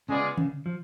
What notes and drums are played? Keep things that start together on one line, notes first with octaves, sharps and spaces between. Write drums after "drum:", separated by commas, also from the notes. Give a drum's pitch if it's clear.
C#3 G#3 B3 F4 G#4 D5
C#3, drum: tom D3
F3